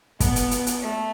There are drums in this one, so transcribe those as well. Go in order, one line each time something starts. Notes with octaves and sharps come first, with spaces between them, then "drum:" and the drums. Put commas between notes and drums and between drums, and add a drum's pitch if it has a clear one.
B3, drum: kick, hi-hat
drum: hi-hat
drum: hi-hat
drum: hi-hat
A3